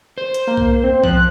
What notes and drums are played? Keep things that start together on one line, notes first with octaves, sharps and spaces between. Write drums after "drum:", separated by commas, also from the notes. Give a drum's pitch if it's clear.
C5
drum: hi-hat
A#3
drum: kick B1
C4
F3 F#6, drum: kick B1